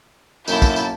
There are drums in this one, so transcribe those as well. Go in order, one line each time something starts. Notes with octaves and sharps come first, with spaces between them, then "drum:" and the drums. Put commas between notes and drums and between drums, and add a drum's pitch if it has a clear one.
B1 F#2 A#3 E4 A5 G6, drum: tambourine
drum: kick, tambourine
drum: tambourine